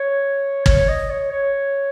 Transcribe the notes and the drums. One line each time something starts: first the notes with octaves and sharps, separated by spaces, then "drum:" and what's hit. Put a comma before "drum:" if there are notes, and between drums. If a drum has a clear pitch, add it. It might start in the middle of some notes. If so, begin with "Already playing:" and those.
Already playing: C#5
C#5, drum: kick
D#5
C#5
C#5